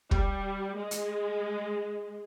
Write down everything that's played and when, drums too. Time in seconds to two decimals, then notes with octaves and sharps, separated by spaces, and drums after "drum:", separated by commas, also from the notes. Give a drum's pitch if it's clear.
0.11 G3, drum: kick
0.77 G#3
0.91 drum: hi-hat